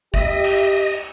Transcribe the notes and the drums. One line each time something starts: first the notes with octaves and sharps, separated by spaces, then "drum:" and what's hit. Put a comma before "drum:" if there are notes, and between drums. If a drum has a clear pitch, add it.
G4 D#5 E5, drum: kick F#1
drum: cymbal